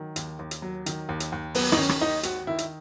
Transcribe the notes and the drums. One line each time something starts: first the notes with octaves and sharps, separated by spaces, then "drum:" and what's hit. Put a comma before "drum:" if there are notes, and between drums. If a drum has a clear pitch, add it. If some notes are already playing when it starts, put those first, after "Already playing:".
Already playing: D#3 F#3
D#2, drum: hi-hat
D#2
drum: hi-hat
F#3
D#3, drum: hi-hat
D#2
drum: hi-hat
D#2
F#3 B3, drum: open hi-hat
D#4, drum: rim click
D#3 C#4
drum: rim click
D#2 D#4
G#1 F#4, drum: hi-hat
D#3 E4
drum: hi-hat